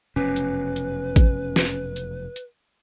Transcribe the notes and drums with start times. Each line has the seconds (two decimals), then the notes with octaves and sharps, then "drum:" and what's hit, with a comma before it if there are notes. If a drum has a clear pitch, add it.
0.16 F1 F#2 B2 C#4 B4
0.36 drum: hi-hat
0.76 drum: hi-hat
1.16 drum: kick A1, hi-hat
1.56 drum: snare
1.96 drum: hi-hat
2.36 drum: hi-hat